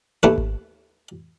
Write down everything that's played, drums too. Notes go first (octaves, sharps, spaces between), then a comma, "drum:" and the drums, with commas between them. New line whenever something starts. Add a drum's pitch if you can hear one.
D#2 A3 B4
drum: kick G#1